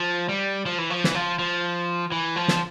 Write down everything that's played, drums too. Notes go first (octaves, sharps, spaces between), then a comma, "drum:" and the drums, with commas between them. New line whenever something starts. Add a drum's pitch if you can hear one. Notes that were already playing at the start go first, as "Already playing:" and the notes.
Already playing: F3
G3
F3
E3
F3
E3, drum: snare
F3
F3
E3
F3
drum: snare